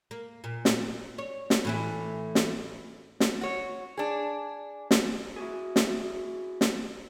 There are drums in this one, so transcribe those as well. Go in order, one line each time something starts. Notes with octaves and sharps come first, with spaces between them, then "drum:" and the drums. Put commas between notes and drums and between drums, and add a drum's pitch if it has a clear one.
A#3
A#2
drum: snare
C#5
drum: snare
A2 E3 E4
drum: snare
drum: snare
F#4 C#5
D4 G#4
drum: snare
E4 F#4 G#4
drum: snare
drum: snare